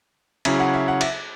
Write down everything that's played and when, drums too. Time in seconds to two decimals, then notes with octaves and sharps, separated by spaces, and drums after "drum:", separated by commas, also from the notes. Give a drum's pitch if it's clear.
0.45 C#3 F#3 C#4 E4 E5, drum: cymbal
0.60 F#5
0.74 E5
0.88 F#5
1.01 E5, drum: cymbal